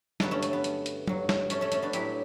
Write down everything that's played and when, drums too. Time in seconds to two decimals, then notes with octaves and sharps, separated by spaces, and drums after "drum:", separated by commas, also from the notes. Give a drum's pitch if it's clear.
0.20 G2 D3 F#3 B3, drum: snare
0.31 A3 C#4
0.43 A3, drum: hi-hat
0.53 B3
0.64 drum: hi-hat
0.86 drum: hi-hat
1.07 G2 F#3, drum: tom F#3
1.29 drum: snare
1.50 A3 C#4, drum: hi-hat
1.61 A3 C#4
1.72 A3 C#4, drum: hi-hat
1.82 B3 D4
1.93 A2 F#3 E4 G4, drum: hi-hat